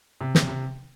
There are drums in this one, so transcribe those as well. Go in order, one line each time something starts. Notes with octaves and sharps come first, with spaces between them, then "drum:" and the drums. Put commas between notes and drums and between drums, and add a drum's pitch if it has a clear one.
C3
C3, drum: snare
C3